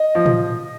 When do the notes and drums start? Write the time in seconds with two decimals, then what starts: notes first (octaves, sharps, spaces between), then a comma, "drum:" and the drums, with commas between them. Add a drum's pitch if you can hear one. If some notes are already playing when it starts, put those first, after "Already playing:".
Already playing: D#5
0.15 F3
0.26 drum: tom